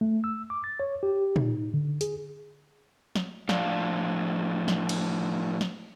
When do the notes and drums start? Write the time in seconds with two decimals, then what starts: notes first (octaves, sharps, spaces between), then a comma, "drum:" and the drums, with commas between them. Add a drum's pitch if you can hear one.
0.01 A3
0.24 E6
0.50 D6
0.64 A6
0.80 C#5
1.03 G4
1.36 D#4, drum: tom
1.74 D3
2.01 G#4, drum: hi-hat
3.16 drum: snare
3.49 A2 F3 D4 D5 F5, drum: snare
4.68 drum: snare
4.89 drum: cymbal
5.61 drum: snare